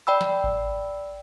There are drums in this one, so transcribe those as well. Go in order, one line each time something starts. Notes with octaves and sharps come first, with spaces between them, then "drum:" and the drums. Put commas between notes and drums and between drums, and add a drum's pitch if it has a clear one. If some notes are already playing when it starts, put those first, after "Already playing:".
D5 G5 B5 E6
drum: snare
drum: kick G#1